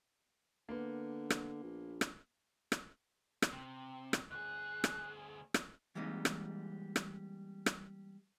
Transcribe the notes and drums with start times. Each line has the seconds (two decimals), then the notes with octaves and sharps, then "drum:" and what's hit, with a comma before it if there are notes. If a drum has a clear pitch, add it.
0.69 D3 A#3 B3
1.30 drum: rim click
1.63 A#1
2.01 drum: rim click
2.72 drum: rim click
3.42 drum: rim click
3.52 C3
4.13 drum: rim click
4.31 D2 G#4 F#6
4.84 drum: rim click
5.54 drum: rim click
5.95 E3 G3 G#3 A#3 C4 D#4
6.25 drum: rim click
6.96 drum: rim click
7.66 drum: rim click